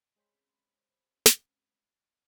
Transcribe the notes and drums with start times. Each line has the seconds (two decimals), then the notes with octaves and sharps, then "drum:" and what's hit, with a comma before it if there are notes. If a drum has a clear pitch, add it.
0.16 G#3 C4 C#4 C5 B5
1.26 drum: snare